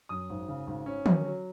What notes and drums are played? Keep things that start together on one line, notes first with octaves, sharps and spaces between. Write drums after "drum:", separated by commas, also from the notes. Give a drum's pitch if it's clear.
F#2 D#6
G#1
C#3
G#1
C#4
F#3, drum: tom
F#3